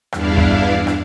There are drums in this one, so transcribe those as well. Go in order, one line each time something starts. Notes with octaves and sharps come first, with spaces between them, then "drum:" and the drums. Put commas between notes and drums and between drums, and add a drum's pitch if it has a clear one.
E2 G2 D4 E4 F5, drum: rim click
drum: kick
drum: rim click